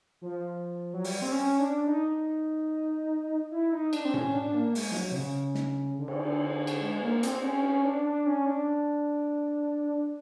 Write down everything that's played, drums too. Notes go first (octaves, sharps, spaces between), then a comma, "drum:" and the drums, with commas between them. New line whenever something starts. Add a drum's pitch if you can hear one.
F3
F#3
G3, drum: open hi-hat
C4
C#4
D4
D#4
E4
D#4
D4, drum: cymbal
C4
C#4, drum: tom A2
D4
A#3
G#3, drum: open hi-hat
F3, drum: snare
F#3
C3
C#3
drum: snare
D3
drum: cymbal
drum: cymbal
G#3
A#3
C4, drum: hi-hat
C#4
C#4
D4
D4
C#4
D4